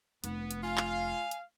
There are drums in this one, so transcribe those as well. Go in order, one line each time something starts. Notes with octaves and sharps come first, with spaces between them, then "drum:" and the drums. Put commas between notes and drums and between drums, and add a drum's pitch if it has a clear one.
F1 B3, drum: hi-hat
drum: hi-hat
F4 F5 G#5
drum: clap
drum: hi-hat